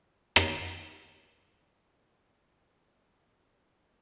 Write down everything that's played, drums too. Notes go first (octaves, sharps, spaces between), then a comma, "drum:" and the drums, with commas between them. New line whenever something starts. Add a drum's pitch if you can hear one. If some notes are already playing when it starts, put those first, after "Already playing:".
Already playing: A#4
drum: rim click
C5
G#4 A#4
G#4